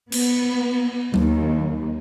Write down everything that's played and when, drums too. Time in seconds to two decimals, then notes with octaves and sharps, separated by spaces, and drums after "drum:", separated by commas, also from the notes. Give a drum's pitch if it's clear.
0.12 B3, drum: cymbal
1.14 D#2, drum: tom F#3